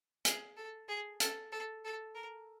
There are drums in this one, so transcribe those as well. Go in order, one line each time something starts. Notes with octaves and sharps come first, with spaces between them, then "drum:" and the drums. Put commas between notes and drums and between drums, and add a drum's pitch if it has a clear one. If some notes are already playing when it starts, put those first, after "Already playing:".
G#4, drum: hi-hat
A4
G#4
A4, drum: hi-hat
A4
A4
A#4